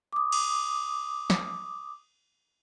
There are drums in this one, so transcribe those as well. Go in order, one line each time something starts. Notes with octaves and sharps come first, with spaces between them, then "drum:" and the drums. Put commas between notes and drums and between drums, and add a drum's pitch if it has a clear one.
D6 D#6
drum: cymbal
drum: snare